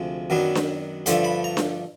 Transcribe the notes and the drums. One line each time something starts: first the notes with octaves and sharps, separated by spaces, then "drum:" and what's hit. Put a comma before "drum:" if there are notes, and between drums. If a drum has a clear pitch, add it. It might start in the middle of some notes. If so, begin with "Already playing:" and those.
Already playing: D2 C3 F3 G#3
F#2 D#3 F#3 B3 D4
drum: snare D4
G2 D3 F3 A3 D4 C6, drum: hi-hat
B5
A#5
drum: snare D4